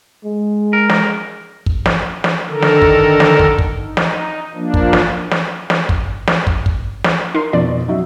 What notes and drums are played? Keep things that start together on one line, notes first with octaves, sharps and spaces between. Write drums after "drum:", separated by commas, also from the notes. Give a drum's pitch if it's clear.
G#3
A#4
drum: snare
drum: kick
drum: snare
drum: snare
D3 D#3 A4 A#4
drum: snare
drum: kick
drum: snare
drum: kick
drum: kick
D#4
drum: snare
F3 A#3 D4
drum: kick
drum: snare
drum: snare
drum: snare
drum: kick
drum: snare
drum: kick
drum: kick
drum: snare
D#4 A#4 C6
F2 B2 D5
F#3 D#4 E5